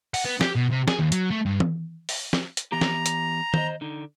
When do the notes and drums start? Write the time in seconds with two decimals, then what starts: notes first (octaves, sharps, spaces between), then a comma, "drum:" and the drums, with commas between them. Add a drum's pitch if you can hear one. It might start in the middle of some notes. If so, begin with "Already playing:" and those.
0.14 F#5, drum: open hi-hat
0.25 B3
0.41 G4, drum: snare
0.56 B2
0.72 C3
0.88 G#4, drum: snare
0.99 D#2
1.12 F#3, drum: hi-hat
1.30 A3
1.46 G2
1.60 drum: tom E3
2.09 drum: open hi-hat
2.33 drum: snare
2.57 drum: hi-hat
2.72 E3 B3 G4 A#5
2.81 drum: snare
3.06 drum: hi-hat
3.54 C5 D#5, drum: tom D#3
3.81 D3 D#4